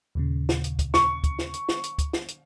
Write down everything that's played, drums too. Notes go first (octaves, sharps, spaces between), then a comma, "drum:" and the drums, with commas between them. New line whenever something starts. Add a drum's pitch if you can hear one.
D#2 A#2 C#3
drum: snare
drum: hi-hat
drum: kick, hi-hat
C#6, drum: snare
drum: kick, hi-hat
drum: snare
drum: hi-hat
drum: snare
drum: hi-hat
drum: kick, hi-hat
drum: snare
drum: hi-hat